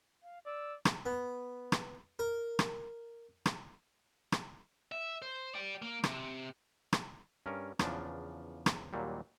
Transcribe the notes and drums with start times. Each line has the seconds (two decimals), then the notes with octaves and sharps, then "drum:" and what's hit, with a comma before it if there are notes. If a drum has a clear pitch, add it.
0.23 F5
0.46 D5 E6
0.85 drum: rim click
1.06 B3
1.72 drum: rim click
2.19 A#4
2.59 drum: rim click
3.46 drum: rim click
4.32 drum: rim click
4.92 E5
5.22 C5
5.55 D5 G5
5.82 A#3
6.04 C3, drum: rim click
6.93 drum: rim click
7.46 G2 C#4 A#4
7.79 E2 C#3 F3 D4, drum: rim click
8.66 drum: rim click
8.93 D#2 A#2 F#3 G3